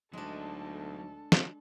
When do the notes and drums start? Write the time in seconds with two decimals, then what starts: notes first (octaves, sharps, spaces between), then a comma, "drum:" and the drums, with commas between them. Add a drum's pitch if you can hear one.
0.13 D2 F#3 G#3 D4 D#4 A4
1.32 drum: snare